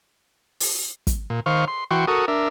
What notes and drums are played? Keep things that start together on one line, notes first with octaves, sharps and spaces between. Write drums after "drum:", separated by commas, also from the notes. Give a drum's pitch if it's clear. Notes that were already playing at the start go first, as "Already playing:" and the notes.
drum: open hi-hat
drum: kick, hi-hat
A#2
D#3 C5 F5 C#6
C6
E3 F#4 G5 C6 C#6
F#4 A4 A#4 C#6 D#6
D4 A#4 E5